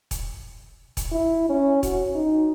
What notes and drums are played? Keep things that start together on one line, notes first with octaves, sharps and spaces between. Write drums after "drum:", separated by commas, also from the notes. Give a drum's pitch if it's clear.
drum: kick E1, hi-hat
drum: kick E1, hi-hat
E4
C#4
F#4, drum: kick E1, hi-hat
D#4